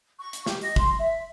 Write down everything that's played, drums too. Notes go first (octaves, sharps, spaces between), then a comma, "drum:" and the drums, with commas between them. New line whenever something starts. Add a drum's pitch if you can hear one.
C#6
drum: hi-hat
G4, drum: snare
D#5, drum: open hi-hat
C6, drum: kick
E5